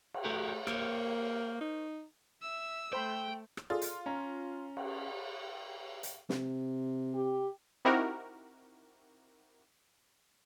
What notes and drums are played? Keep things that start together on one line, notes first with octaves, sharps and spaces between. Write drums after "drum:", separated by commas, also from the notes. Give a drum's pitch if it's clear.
drum: cymbal
A3 F#4 G4 A#4
A#3 A#4 C5 C#5, drum: rim click
D#4
E5 E6
A3 C5 G5 B5
drum: rim click
F4 G#4 A4 D5
drum: hi-hat
C#4 A#5
drum: cymbal
drum: hi-hat
C3, drum: snare
G4
C4 D#4 E4 F#4 G4 A#4